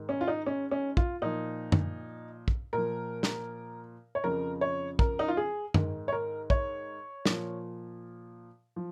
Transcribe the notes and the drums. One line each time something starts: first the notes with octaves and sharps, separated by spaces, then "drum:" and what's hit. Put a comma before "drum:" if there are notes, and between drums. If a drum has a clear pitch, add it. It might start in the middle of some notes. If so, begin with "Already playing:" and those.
Already playing: G#2 D#3
C#4
F4
D#4
C#4
C#4
F4, drum: kick
A#2 F3 D#4
drum: tom F#2
drum: kick
A#2 F3 A#4
drum: snare
C#5
F2 C#3 F3 A#4
C#5
A#4, drum: kick
D#4
F4
G#4
G#2 D#3, drum: tom F#2
C#5
A#4
C#5, drum: kick
A#2 F3, drum: snare
F3